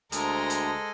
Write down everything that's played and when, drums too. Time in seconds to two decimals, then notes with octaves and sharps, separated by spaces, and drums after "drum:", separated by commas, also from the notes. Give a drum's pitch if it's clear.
0.12 D2 G#3 A4 A#4 C5, drum: hi-hat
0.50 drum: hi-hat